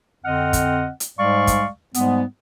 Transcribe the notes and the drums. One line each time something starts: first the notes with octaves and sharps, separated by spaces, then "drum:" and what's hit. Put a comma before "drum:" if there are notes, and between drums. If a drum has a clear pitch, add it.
F2 D3 C4 D#5 F#5 F6
drum: kick, hi-hat
drum: hi-hat
G#2 G3 G#3 D5 F5 C#6
drum: kick, hi-hat
G#2 G3 G#3 B3, drum: hi-hat